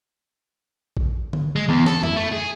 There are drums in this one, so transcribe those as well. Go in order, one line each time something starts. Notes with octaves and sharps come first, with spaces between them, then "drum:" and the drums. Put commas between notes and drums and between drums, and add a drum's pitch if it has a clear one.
drum: kick A#1
drum: tom D3
G#3
E2
A4, drum: snare
E4, drum: tom F2
A3
G#4